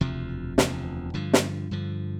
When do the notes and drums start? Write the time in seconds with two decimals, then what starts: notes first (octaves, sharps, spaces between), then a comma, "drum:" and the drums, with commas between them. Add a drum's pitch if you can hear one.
0.01 E1 D2 C3 F3
0.58 E1 D2 C3 F3, drum: snare
1.14 G2 D3 F3
1.33 drum: snare
1.71 G2 D3 F3